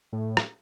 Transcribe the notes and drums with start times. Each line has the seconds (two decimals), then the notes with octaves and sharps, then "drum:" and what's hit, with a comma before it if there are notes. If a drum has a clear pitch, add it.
0.13 A2
0.37 drum: rim click